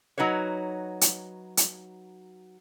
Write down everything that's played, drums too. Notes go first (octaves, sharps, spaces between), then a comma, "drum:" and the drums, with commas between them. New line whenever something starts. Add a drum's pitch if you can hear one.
F#3 D#4 F#4 B4 C#5
drum: hi-hat
drum: hi-hat